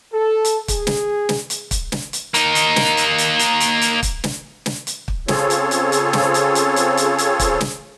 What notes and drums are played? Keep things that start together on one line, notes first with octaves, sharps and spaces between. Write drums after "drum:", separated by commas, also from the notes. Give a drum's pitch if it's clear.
A4
drum: hi-hat
G#4, drum: kick, hi-hat
drum: snare
drum: snare
drum: hi-hat
drum: kick, hi-hat
drum: snare
drum: hi-hat
A#3 D#4, drum: hi-hat
drum: hi-hat
drum: snare
drum: hi-hat
drum: hi-hat
drum: hi-hat
drum: hi-hat
drum: hi-hat
drum: kick, hi-hat
drum: snare
drum: snare
drum: hi-hat
drum: kick
C#3 C4 F4 G#4 A4 C#5, drum: snare
drum: hi-hat
drum: hi-hat
drum: hi-hat
drum: snare
drum: hi-hat
drum: hi-hat
drum: hi-hat
drum: hi-hat
drum: hi-hat
drum: kick, hi-hat
drum: snare